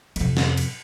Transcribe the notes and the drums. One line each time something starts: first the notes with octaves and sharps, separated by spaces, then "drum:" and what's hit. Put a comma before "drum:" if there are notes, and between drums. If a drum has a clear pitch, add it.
F2 C3, drum: cymbal
drum: snare
drum: cymbal